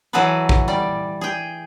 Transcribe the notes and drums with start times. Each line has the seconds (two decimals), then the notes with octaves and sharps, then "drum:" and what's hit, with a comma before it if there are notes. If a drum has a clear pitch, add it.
0.13 E3 F#3 F#4 G#4 A4 B4
0.49 drum: kick
0.68 G3 D5
1.21 G#4 G5